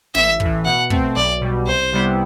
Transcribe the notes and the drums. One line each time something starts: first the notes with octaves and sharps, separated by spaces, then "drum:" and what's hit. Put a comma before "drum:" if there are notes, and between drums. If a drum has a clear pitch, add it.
A1 E5, drum: snare
A2 E3, drum: kick
B2 F#5
A3 C4, drum: kick
B1 D5
B2 G3
C2 C5
C3 G3 B3 E4